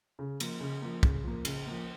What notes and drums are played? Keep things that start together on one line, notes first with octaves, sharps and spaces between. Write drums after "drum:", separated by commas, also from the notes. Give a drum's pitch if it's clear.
C#3
F3 A#3, drum: cymbal
C#3
F3 A#3
C#3, drum: kick
F3 A#3
C#3, drum: cymbal
F3 A#3